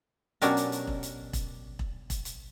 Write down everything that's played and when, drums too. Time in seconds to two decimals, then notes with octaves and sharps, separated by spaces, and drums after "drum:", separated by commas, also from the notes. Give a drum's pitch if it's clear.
0.42 B2 F#3 C#4 D4 G4 A#4, drum: hi-hat
0.57 drum: hi-hat
0.72 drum: hi-hat
0.87 drum: kick E1
1.03 drum: hi-hat
1.33 drum: kick E1, hi-hat
1.79 drum: kick E1
2.10 drum: kick E1, hi-hat
2.25 drum: hi-hat